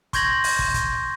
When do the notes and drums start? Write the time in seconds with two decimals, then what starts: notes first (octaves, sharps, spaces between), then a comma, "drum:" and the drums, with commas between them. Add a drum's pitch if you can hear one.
0.13 C6 C#6 G6 G#6 A#6 F#7, drum: kick, hi-hat
0.44 drum: open hi-hat
0.59 drum: kick
0.74 drum: kick, hi-hat